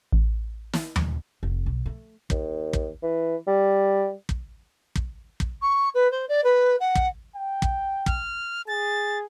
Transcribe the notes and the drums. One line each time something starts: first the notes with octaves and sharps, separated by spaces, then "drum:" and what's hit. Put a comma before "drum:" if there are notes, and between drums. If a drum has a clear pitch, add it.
A1
drum: snare
drum: tom D#2
F1
B1
A3
D#2, drum: kick
drum: kick
E3
G3
drum: kick
drum: kick
drum: kick
C#6
B4
C5
D5
B4
F#5
drum: kick
G5
drum: kick
F6, drum: kick
G#4 A6